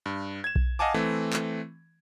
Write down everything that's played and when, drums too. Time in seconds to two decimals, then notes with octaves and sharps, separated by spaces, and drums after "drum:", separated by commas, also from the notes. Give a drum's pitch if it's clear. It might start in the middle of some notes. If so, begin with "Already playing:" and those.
0.06 G2
0.44 G#6 E7
0.56 drum: kick B1
0.79 D#5 F5 F#5 G#5 A5 D6
0.94 E3 A3 C4
1.33 drum: clap